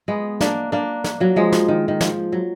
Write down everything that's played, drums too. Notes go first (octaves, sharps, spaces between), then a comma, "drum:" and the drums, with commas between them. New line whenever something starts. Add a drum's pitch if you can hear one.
G#3 B3
A#3 D4, drum: snare
A#3 D4
drum: snare
F#3 A#3
F3 G#3
drum: snare
D#3
D#3
F3, drum: snare
F#3